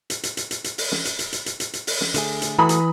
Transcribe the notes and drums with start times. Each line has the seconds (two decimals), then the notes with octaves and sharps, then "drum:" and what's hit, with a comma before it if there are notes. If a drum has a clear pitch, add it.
0.10 drum: hi-hat
0.23 drum: hi-hat
0.37 drum: hi-hat
0.51 drum: hi-hat
0.64 drum: hi-hat
0.78 drum: open hi-hat
0.92 drum: snare
1.05 drum: hi-hat
1.19 drum: hi-hat
1.33 drum: hi-hat
1.46 drum: hi-hat
1.60 drum: hi-hat
1.73 drum: hi-hat
1.87 drum: open hi-hat
2.01 drum: snare
2.14 D3 A3 G#4, drum: hi-hat
2.42 drum: hi-hat
2.58 E3 A3 F#4 A4 A#5 B5 D#6
2.69 drum: hi-hat